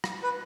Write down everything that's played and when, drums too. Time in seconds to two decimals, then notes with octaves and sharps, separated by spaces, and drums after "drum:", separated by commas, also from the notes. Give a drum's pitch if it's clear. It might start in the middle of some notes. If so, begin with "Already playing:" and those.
0.04 drum: rim click
0.23 B4